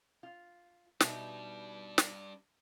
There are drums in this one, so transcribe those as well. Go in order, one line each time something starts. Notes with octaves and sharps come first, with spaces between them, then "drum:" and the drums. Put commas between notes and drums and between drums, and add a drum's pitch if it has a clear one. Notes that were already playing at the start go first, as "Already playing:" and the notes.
F4
B2 G3 D4 D#4 E5, drum: snare
drum: snare